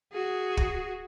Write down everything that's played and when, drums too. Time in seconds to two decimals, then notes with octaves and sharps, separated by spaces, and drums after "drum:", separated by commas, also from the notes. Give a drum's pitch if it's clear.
0.13 F#4 G#4
0.57 drum: kick